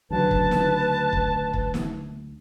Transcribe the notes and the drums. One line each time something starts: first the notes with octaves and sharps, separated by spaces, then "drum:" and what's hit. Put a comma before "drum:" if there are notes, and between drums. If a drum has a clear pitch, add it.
D2 C#3 F#3 B4 A5
drum: kick
drum: snare
drum: kick
drum: kick
drum: snare